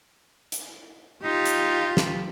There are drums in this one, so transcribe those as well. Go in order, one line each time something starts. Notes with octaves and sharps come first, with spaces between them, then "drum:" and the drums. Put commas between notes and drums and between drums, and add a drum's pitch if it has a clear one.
drum: hi-hat
D#4 F4 G4
drum: hi-hat
drum: snare